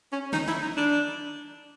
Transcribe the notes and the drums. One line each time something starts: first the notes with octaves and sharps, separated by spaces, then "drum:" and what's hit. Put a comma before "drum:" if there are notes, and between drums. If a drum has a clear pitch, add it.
C#4
D#4, drum: snare
E4, drum: snare
D#4
D4